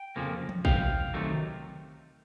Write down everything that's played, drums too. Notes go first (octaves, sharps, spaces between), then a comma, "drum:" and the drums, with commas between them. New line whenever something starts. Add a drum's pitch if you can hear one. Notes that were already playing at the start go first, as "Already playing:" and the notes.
Already playing: G5
F2 C#3 F3 A#3
drum: tom E3
C2 C3 F5 G5, drum: kick
C3 D#3 F#3 A3